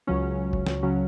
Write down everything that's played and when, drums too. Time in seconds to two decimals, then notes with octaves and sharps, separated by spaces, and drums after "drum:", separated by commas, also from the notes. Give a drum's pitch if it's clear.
0.07 C#2 C#3 F#3 C#4
0.53 drum: kick
0.67 drum: snare
0.83 C#3 F#3 C#4